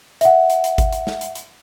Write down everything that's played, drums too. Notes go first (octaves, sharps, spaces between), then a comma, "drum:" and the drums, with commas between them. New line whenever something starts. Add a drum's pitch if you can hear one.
E5 F#5, drum: hi-hat
drum: hi-hat
drum: hi-hat
drum: kick G#1, hi-hat
drum: hi-hat
drum: snare
drum: hi-hat
drum: hi-hat